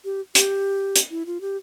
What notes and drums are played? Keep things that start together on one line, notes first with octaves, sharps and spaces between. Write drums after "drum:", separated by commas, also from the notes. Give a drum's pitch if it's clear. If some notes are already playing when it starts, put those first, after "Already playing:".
G4
G4, drum: hi-hat
drum: hi-hat
E4
F4
G4